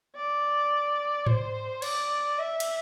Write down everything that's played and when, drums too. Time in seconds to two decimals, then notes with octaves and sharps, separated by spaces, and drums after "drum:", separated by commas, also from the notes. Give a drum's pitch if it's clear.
0.16 D5
1.26 C5, drum: tom G#2
1.82 D5, drum: cymbal
2.39 E5
2.60 drum: cymbal